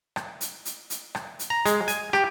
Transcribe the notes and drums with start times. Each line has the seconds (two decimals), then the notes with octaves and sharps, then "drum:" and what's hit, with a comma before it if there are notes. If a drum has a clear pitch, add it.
0.16 drum: rim click
0.41 drum: hi-hat
0.65 drum: hi-hat
0.90 drum: hi-hat
1.15 drum: rim click
1.39 drum: hi-hat
1.50 A#5
1.66 G#3, drum: hi-hat
1.88 G#5, drum: hi-hat
2.13 G4, drum: rim click